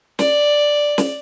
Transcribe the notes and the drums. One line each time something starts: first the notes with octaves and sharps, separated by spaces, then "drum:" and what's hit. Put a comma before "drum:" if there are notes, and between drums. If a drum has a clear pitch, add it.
D5, drum: snare
drum: snare